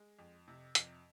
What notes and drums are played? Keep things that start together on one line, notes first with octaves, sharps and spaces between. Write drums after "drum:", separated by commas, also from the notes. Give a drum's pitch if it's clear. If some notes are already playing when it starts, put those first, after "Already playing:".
Already playing: G#3
F2
C3
F2, drum: hi-hat